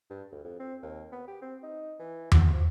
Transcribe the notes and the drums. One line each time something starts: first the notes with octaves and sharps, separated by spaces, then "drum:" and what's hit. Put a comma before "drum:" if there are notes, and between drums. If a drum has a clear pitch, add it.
G2
D2
F2
C4
D#2
B3
G4
C4
D#4
E3
F#4, drum: tom E2
F3